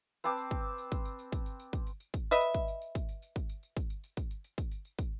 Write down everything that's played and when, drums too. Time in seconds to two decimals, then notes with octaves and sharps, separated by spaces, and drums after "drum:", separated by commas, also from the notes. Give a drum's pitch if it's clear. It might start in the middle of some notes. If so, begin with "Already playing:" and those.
0.24 C4 B4 A5 D6, drum: tambourine
0.38 drum: tambourine
0.51 drum: kick
0.78 drum: tambourine
0.92 drum: kick, tambourine
1.05 drum: tambourine
1.19 drum: tambourine
1.32 drum: kick, tambourine
1.46 drum: tambourine
1.60 drum: tambourine
1.73 drum: kick, tambourine
1.87 drum: tambourine
2.00 drum: tambourine
2.14 drum: kick, tambourine
2.31 B4 D#5 E5
2.41 drum: tambourine
2.54 drum: kick, tambourine
2.68 drum: tambourine
2.82 drum: tambourine
2.95 drum: kick, tambourine
3.09 drum: tambourine
3.22 drum: tambourine
3.36 drum: kick, tambourine
3.49 drum: tambourine
3.63 drum: tambourine
3.77 drum: kick, tambourine
3.90 drum: tambourine
4.04 drum: tambourine
4.17 drum: kick, tambourine
4.31 drum: tambourine
4.44 drum: tambourine
4.58 drum: kick, tambourine
4.71 drum: tambourine
4.85 drum: tambourine
4.99 drum: kick, tambourine